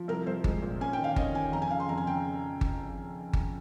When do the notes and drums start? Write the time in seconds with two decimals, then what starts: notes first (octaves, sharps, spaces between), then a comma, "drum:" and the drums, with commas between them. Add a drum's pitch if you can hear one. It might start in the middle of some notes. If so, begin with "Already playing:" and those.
Already playing: F3
0.08 C2 A#4
0.27 C2 C5
0.44 G#3, drum: kick G1
0.62 A#2
0.81 C#4 G#5
0.93 G5
0.98 D#3
1.04 F5
1.16 C#4 D#5, drum: kick G1
1.34 D#3 G#5
1.52 F2 A#5
1.62 G#5
1.71 C#3 F5
1.80 C6
1.89 F2 A#5
1.98 G#5
2.07 C#3 G5
2.61 drum: kick G1
3.33 drum: kick G1